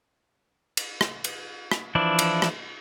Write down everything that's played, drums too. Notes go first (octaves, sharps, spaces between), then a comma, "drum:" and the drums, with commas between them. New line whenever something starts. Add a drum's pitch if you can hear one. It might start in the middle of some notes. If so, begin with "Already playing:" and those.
drum: cymbal
drum: rim click
drum: cymbal
drum: rim click
E3 F3 D4 E4
drum: cymbal
drum: rim click